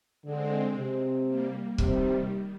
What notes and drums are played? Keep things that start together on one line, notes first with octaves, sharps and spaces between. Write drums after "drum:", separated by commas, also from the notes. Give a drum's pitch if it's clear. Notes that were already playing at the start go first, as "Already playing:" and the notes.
D3 G#3 C4
C3
G3 A#3
C3 D#3 G3, drum: kick